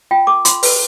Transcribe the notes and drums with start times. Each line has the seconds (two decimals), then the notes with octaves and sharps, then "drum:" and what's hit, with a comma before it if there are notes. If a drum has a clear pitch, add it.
0.11 F4 G5
0.27 A4 D6
0.45 F4 C6, drum: hi-hat
0.63 B4, drum: open hi-hat